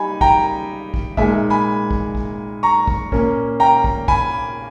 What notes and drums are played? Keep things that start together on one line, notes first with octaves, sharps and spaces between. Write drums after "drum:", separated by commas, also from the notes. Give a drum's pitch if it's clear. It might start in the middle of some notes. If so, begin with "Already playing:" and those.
Already playing: G3 D#4 G#5 B5
G5 A#5, drum: kick
drum: kick
A#2 G#3 D#4 E5 G#5, drum: kick
G#5 B5
drum: kick
drum: kick
A#5 C#6
drum: kick
A#2 A#3 C#4, drum: kick
G5 A#5
drum: kick
G#5 B5, drum: kick